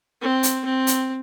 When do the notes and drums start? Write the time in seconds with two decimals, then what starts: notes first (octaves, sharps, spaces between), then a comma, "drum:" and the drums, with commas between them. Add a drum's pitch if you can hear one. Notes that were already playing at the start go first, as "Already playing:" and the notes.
0.22 C4
0.43 drum: hi-hat
0.65 C4
0.87 drum: hi-hat